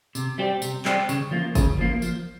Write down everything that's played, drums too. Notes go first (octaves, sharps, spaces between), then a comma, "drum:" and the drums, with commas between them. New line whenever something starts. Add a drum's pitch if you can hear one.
C3, drum: tambourine
G3 C4 G4
C3, drum: tambourine
G3 C4 G4, drum: clap
C#3, drum: tambourine
F3 A#3
C#3, drum: kick, tambourine
F3 A#3
F3, drum: tambourine